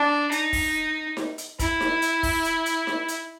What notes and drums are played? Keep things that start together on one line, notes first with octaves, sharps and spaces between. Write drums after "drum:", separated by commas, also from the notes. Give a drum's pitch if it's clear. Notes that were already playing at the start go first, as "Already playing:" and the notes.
Already playing: D4
D#4, drum: hi-hat
drum: kick, open hi-hat
drum: snare D#4
drum: hi-hat
E4, drum: kick, hi-hat
drum: snare D#4
drum: hi-hat
drum: kick, open hi-hat
drum: hi-hat
drum: hi-hat
drum: snare D#4
drum: hi-hat